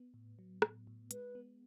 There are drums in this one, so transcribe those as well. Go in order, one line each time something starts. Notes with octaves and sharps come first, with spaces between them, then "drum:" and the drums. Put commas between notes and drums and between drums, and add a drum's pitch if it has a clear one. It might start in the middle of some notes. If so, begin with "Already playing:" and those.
Already playing: B3
A2
F#3
A2, drum: rim click
A2
G#3 B4, drum: hi-hat
B3